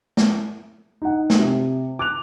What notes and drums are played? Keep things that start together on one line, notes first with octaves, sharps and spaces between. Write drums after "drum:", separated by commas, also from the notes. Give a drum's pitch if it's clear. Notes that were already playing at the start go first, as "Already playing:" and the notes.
drum: snare
D#4 F#5
drum: snare
C3
D6 F#6 F7